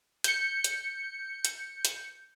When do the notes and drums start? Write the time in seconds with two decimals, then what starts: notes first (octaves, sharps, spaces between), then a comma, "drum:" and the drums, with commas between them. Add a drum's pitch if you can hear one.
0.24 G6 C#7, drum: hi-hat
0.64 drum: hi-hat
1.45 drum: hi-hat
1.85 drum: hi-hat